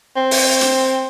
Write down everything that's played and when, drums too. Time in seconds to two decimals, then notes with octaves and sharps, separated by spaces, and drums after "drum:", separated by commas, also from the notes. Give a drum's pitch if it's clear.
0.16 C4
0.31 drum: open hi-hat
0.61 drum: hi-hat